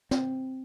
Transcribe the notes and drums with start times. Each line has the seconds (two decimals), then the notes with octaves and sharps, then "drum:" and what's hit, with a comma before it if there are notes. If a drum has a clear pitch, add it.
0.11 C4, drum: snare